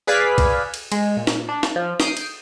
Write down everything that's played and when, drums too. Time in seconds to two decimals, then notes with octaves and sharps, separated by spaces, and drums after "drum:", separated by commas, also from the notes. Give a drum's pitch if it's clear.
0.07 G#4 B4 D5 F5 G#5 B6
0.38 drum: kick, cymbal
0.74 drum: cymbal
0.92 G#3, drum: cymbal
1.17 A#2
1.27 drum: snare
1.49 D4
1.63 drum: snare
1.76 F3
2.00 D#6 G6 C7 D7, drum: snare
2.17 drum: cymbal